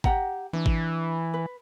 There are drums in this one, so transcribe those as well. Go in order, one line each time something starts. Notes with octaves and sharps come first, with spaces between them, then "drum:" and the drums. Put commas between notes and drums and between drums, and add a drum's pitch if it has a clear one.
G4 F#5 A#5, drum: kick G#1
E3 D4
drum: kick G#1
B4